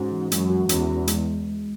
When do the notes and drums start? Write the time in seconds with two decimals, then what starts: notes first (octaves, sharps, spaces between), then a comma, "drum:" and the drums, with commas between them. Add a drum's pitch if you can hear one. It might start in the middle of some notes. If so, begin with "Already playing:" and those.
Already playing: G#2 G#3 C#4 F#4
0.12 E3
0.32 F#2 G#3, drum: hi-hat
0.50 F#4
0.69 E2 C#4, drum: hi-hat
0.89 E3
1.08 G#3, drum: hi-hat